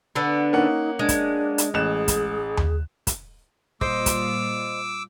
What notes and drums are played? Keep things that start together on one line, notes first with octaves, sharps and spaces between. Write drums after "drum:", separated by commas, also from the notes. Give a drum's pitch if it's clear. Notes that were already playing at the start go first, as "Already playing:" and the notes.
D3 B3
A#3 C#4 D#4 F#5
G#3 D4
drum: kick, hi-hat
drum: hi-hat
A1 G#4 F#6 E7
drum: kick, hi-hat
drum: tom D#2
drum: kick, hi-hat
A#2 G3 F4 C5 D#5 D6 E6, drum: kick
drum: kick, hi-hat